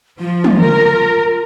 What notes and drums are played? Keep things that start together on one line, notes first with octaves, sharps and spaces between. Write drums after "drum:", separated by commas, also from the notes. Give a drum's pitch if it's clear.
F3 F4
drum: tom
A#4